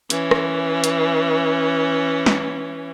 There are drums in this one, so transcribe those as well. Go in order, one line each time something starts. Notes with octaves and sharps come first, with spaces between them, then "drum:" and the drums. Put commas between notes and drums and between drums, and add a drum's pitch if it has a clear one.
E3 C#4, drum: hi-hat
drum: rim click
drum: hi-hat
drum: snare